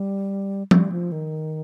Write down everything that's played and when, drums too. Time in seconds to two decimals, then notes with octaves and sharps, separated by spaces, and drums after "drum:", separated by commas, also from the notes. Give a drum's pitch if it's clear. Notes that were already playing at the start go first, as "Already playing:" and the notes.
Already playing: G3
0.71 G3, drum: tom F3
0.92 F3
1.12 D#3